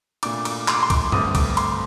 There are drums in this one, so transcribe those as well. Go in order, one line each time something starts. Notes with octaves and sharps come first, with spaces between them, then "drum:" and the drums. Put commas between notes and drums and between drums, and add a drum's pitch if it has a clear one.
A#2 A3 D4 D6, drum: cymbal
D6, drum: cymbal
C6, drum: clap
D6
C6
D6, drum: kick, cymbal
G2 D3 A3 C4 D#6, drum: tom F#2
D6, drum: kick, cymbal
C6, drum: cymbal